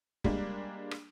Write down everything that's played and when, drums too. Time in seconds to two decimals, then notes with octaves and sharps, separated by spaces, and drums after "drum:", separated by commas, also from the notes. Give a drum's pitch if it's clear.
0.24 G3 G#3 A#3 D4, drum: kick
0.91 drum: rim click